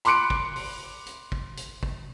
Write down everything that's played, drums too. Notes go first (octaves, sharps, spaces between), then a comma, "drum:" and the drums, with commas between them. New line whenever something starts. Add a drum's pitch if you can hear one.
B5 C6 D6 F#6 C#7 D7, drum: hi-hat
drum: kick
drum: open hi-hat
drum: hi-hat
drum: kick
drum: hi-hat
drum: kick